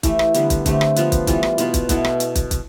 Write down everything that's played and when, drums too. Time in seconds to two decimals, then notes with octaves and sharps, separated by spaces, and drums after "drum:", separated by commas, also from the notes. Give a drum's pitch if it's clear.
0.03 E3 A3 E4 G4, drum: kick, hi-hat
0.19 drum: rim click
0.34 D3 G3 B3, drum: hi-hat
0.50 drum: kick, hi-hat
0.66 D3 A3 C4 G4, drum: kick, hi-hat
0.81 drum: rim click
0.96 F3 B3 F4 B4, drum: hi-hat
1.12 drum: kick, hi-hat
1.27 E3 G3 B3 F4, drum: kick, hi-hat
1.43 drum: rim click
1.58 B2 B3 F4 B4, drum: hi-hat
1.74 drum: kick, hi-hat
1.89 B2 B3 E4 A4, drum: kick, hi-hat
2.05 drum: rim click
2.20 drum: hi-hat
2.35 drum: kick, hi-hat
2.51 drum: kick, hi-hat